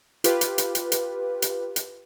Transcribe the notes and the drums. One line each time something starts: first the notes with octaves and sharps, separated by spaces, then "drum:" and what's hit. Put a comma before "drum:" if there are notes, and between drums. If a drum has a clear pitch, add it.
F4 G4 B4, drum: hi-hat
drum: hi-hat
drum: hi-hat
drum: hi-hat
drum: hi-hat
drum: hi-hat
drum: hi-hat